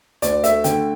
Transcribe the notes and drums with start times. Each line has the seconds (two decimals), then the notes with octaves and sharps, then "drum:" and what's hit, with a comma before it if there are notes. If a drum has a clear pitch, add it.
0.22 D2 D5, drum: hi-hat
0.44 A3 E5, drum: hi-hat
0.64 D3 G5, drum: hi-hat